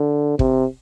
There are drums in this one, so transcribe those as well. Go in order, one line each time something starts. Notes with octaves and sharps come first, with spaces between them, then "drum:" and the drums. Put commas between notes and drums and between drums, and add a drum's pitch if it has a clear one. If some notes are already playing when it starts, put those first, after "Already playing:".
Already playing: D3
C3, drum: kick